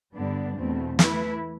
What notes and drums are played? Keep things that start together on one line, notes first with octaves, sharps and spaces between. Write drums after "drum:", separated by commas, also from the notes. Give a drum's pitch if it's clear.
G2 D3 G3 B3 D4
E2 B2 A3 C4
E3 A3 E4 B4, drum: snare